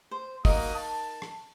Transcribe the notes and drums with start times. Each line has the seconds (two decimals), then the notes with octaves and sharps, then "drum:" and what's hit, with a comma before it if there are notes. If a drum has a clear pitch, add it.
0.11 C5
0.45 A#3 D#4 F#4 A#4 D#6, drum: kick, open hi-hat
0.75 A5
1.22 drum: rim click